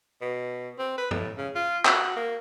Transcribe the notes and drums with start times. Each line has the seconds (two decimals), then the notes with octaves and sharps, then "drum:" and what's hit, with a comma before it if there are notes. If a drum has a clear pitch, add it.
0.21 B2
0.78 C4
0.98 B4
1.11 A2, drum: tom
1.37 C#3
1.55 F4
1.85 F#4, drum: clap
2.16 A#3